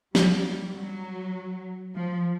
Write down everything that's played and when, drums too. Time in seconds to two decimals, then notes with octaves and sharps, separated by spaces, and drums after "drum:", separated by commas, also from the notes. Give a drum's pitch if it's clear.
0.15 G3, drum: snare
0.74 F#3
1.95 F3